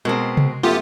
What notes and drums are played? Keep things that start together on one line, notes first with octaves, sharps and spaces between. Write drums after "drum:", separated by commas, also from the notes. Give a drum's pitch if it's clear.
B2 G#3 C4 F#4 A#4
drum: tom C3
F#2 A3 B3 F4 G4